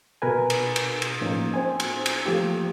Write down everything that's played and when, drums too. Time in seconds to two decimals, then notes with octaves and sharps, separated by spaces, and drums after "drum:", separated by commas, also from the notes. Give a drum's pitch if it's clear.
0.22 B2 A#4 B4 G#5
0.50 drum: cymbal
0.76 drum: cymbal
1.02 drum: cymbal
1.21 A2 F3 A#3 C#4 D#4
1.54 C4 C5 G#5
1.80 drum: cymbal
2.06 drum: cymbal
2.26 F3 A3 A#3 G4